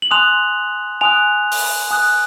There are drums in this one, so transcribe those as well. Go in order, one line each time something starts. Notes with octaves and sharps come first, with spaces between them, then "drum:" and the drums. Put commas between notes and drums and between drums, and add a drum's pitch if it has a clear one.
F#7
G#5 C6 D#6 F#6 F7
G#5 C6 D#6 F#6 F7
drum: open hi-hat
G#5 D#6 F#6